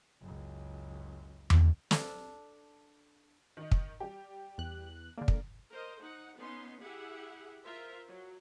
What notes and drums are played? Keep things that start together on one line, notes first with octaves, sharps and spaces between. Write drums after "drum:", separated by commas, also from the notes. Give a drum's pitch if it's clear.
F#1 C#2
drum: tom E2
D4 A4, drum: snare
D#3 D#4
drum: kick
G3 G4
E2 F#6
D3 A#3 D4 G#4 A#4
drum: kick
A#4 C5 D#5
D#4 F#5
B3 C#4 D#4 C6
E4 G4 G#4 E5 F#5
F4 A#4 C5 E5
F#3